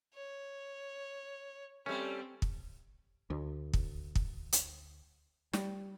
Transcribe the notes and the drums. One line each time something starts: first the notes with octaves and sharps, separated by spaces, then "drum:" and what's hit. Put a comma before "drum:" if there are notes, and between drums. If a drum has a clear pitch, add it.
C#5
G3 A3 C4 C#4
drum: kick
D2
drum: kick
drum: kick
drum: hi-hat
G3, drum: snare